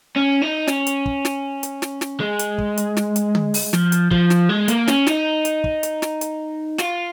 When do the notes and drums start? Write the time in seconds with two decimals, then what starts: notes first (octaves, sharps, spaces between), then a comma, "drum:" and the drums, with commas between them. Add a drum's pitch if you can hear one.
0.16 C#4
0.42 D#4
0.68 C#4, drum: snare
0.87 drum: hi-hat
1.06 drum: kick
1.25 drum: snare
1.63 drum: hi-hat
1.82 drum: snare
2.01 drum: snare
2.20 G#3
2.39 drum: hi-hat
2.58 drum: kick
2.77 drum: hi-hat
2.97 drum: snare
3.16 drum: hi-hat
3.35 drum: tom D3
3.54 drum: open hi-hat
3.73 F3, drum: snare
3.92 drum: hi-hat
4.11 F3, drum: kick
4.30 drum: snare
4.49 G#3
4.68 A#3, drum: hi-hat
4.88 C#4, drum: snare
5.07 D#4, drum: snare
5.45 drum: hi-hat
5.64 drum: kick
5.83 drum: hi-hat
6.02 drum: snare
6.21 drum: hi-hat
6.78 F4, drum: snare